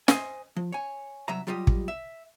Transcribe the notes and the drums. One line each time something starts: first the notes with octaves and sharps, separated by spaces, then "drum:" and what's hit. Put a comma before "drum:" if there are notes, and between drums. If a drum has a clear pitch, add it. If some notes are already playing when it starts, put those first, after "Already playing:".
C5 D#5 G#5, drum: snare
F3
C#5 G#5
C2 F#3 E5 A#5
F#3 G3 F4 G4 D#5
drum: kick
E5